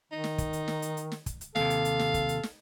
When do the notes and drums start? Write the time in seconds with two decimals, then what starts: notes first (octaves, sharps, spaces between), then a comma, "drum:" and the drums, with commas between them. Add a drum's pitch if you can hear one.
0.12 D#3 D#4
0.24 drum: snare
0.38 drum: kick, hi-hat
0.53 drum: hi-hat
0.68 drum: snare
0.82 drum: hi-hat
0.97 drum: hi-hat
1.12 drum: snare
1.26 drum: kick, hi-hat
1.41 drum: hi-hat
1.55 D#2 C3 A4 F5, drum: snare
1.70 drum: hi-hat
1.85 drum: hi-hat
1.99 drum: snare
2.14 drum: kick, hi-hat
2.29 drum: hi-hat
2.43 drum: snare